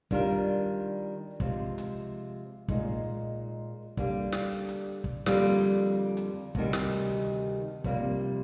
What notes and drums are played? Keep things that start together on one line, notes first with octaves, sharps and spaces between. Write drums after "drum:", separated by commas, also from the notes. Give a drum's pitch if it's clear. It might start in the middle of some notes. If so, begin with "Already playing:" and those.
D#3 G3 D4 F4 A#4, drum: kick
C3 F3 G#3, drum: kick
drum: hi-hat
A#2 G#3 D#4, drum: kick
D3 G3 A#3 D4 G4, drum: kick
drum: snare
drum: hi-hat
drum: kick
F2 D3 G3 A#3, drum: snare
drum: hi-hat
D2 C3 D#3 G3, drum: kick
drum: snare
F2 C3 G3 A#3, drum: kick